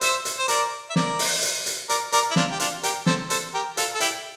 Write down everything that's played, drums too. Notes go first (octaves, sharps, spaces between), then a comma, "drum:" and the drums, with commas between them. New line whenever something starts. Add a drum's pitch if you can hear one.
C5 E5, drum: hi-hat
drum: hi-hat
C5
A#4 D5, drum: hi-hat
E5
A#4 D5, drum: snare
drum: open hi-hat
drum: hi-hat
drum: hi-hat
A#4 D5, drum: hi-hat
A#4 D5, drum: hi-hat
E4
D4 F4, drum: snare
G4
D4 F4, drum: hi-hat
G4 A#4, drum: hi-hat
A4 C5, drum: snare
A4 C5, drum: hi-hat
G4 A#4
F4 A4, drum: hi-hat
A4
E4 G4, drum: hi-hat